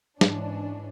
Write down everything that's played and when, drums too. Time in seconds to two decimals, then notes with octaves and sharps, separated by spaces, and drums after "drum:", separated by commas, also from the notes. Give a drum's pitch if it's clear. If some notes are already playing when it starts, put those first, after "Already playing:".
0.21 G#2 E3 C#4 D4, drum: snare